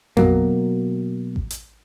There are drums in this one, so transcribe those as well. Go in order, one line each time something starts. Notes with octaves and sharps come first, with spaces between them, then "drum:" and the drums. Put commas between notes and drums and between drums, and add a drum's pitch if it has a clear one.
B2 F#3 A#3, drum: tom F2
drum: kick G#1
drum: hi-hat